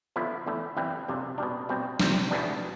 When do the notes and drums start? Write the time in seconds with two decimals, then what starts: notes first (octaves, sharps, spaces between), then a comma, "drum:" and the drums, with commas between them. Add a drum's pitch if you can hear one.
0.16 D3 F3 B3 E4
0.46 E2 D3 A3 E4
0.77 G2 E3 G3 C4 E4
1.08 F2 C3 G3 D4
1.38 B2 G3 D4
1.69 B2 G3 C4
2.00 C3 G3 C4, drum: snare
2.31 E2 B2 G3 B3 D4